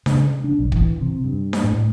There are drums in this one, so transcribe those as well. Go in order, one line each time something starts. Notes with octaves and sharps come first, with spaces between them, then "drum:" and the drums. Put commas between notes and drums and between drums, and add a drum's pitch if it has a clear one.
C#3, drum: snare D4
D4
B1
E3, drum: kick
C3
G2
drum: snare D4
A2